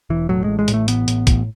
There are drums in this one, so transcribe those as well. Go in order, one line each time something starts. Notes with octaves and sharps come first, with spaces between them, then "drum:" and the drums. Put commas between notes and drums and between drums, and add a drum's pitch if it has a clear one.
E1 E3
A2 F#3
A1 G#3
G#3
A2, drum: hi-hat
A3
A1 B3, drum: hi-hat
A2, drum: hi-hat
A1, drum: kick, hi-hat